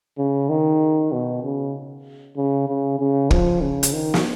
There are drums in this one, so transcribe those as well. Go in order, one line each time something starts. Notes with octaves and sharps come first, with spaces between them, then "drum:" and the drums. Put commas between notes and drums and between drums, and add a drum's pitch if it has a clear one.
C#3
D#3
B2
C#3
C#3
C#3
C#3
F3, drum: kick
C#3
drum: hi-hat
D#3
drum: snare